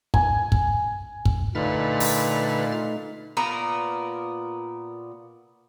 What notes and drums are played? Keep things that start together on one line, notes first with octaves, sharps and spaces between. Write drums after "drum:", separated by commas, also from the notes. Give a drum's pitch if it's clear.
G#5, drum: kick
drum: kick
drum: kick
A#2 D3 A3 D#4 B4 F6 A6
drum: open hi-hat
A#2 B3 A#4 A#5